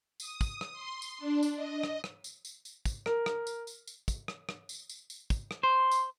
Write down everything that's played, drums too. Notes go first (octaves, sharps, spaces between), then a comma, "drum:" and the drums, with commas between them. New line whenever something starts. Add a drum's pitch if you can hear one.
D#6, drum: tambourine
drum: kick, tambourine
drum: rim click
C6
drum: tambourine
D4
drum: tambourine
D#5
drum: rim click
drum: rim click
drum: tambourine
drum: tambourine
drum: tambourine
drum: kick, tambourine
A#4, drum: rim click
drum: rim click
drum: tambourine
drum: tambourine
drum: tambourine
drum: kick, tambourine
drum: rim click
drum: rim click
drum: tambourine
drum: tambourine
drum: tambourine
drum: kick, tambourine
drum: rim click
C5 C6
drum: tambourine